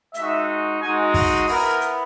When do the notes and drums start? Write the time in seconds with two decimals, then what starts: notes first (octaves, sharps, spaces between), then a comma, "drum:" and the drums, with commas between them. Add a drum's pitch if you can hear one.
0.14 G#3 D#4 F#4 E5, drum: hi-hat
0.80 G#3 D#4 F#4 G#5
1.14 drum: kick, open hi-hat
1.47 B3 E4 A#4, drum: open hi-hat
1.81 drum: hi-hat